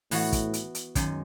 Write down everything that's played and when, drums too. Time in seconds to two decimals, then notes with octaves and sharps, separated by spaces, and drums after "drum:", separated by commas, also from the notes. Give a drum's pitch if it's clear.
0.11 A2 E3 B3 F#4, drum: open hi-hat
0.32 drum: kick, hi-hat
0.53 drum: hi-hat
0.75 drum: hi-hat
0.95 F#2 D#3 G#3, drum: kick, hi-hat